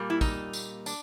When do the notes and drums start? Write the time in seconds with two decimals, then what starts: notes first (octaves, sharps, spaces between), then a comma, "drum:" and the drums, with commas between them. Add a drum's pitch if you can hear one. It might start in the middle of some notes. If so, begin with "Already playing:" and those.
Already playing: A#2 G3 A#3
0.10 E4
0.21 D#4, drum: kick, tambourine
0.53 drum: tambourine
0.86 D4, drum: tambourine